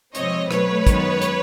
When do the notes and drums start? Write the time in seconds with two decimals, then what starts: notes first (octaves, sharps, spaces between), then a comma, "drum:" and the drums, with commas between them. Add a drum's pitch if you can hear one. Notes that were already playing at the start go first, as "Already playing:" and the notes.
0.15 C3 F3 G#3 C4 C#5 D#5, drum: hi-hat
0.51 B2 F#3 A3 B4 C#5, drum: rim click
0.87 F#2 D#3 G#3 B3, drum: kick, hi-hat
1.22 drum: hi-hat